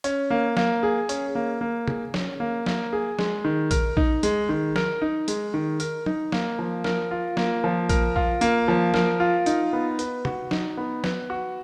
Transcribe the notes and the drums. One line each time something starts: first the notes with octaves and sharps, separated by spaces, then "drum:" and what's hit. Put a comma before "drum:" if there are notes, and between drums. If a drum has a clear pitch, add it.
C#4, drum: hi-hat
A#3
A#3, drum: snare
G#4
C#4, drum: hi-hat
A#3
A#3
G#4, drum: tom
C#4, drum: snare
A#3
A#3, drum: snare
G#4
G#3, drum: snare
D#3
A#4, drum: kick A#1, hi-hat
D#4, drum: kick A#1
G#3, drum: hi-hat
D#3
A#4, drum: snare
D#4
G#3, drum: hi-hat
D#3
A#4, drum: hi-hat
D#4, drum: tom
A#3, drum: snare
F3
A#4, drum: snare
F4
A#3, drum: snare
F3
A#4, drum: kick A#1, hi-hat
F4, drum: kick A#1
A#3, drum: hi-hat
F3
A#4, drum: snare
F4
D#4, drum: hi-hat
B3
B4, drum: hi-hat
F#4, drum: tom
D#4, drum: snare
B3
B4, drum: snare
F#4